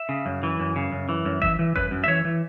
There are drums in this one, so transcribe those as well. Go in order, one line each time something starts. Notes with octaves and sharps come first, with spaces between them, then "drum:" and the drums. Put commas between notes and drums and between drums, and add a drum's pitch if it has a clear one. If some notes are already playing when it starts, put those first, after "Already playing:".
Already playing: E5
C#3
F#2
E3
F#2
C#3
F#2
E3
F#2
E3 E5, drum: kick G1
E3
F#2 B4, drum: kick G1
F#2
E5
E3 C#5
E3